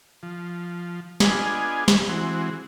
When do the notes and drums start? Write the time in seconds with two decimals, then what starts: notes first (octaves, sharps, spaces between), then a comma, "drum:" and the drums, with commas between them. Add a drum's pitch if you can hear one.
0.23 F3
1.20 B3 D4 F4 G#4 D#5 G#5, drum: snare
1.88 drum: snare
2.09 E3 G#3 C4 F#4